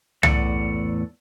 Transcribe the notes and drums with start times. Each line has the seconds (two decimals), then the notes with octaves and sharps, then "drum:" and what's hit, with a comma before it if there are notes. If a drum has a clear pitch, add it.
0.23 E2 A2 A4 D5 F#5, drum: tom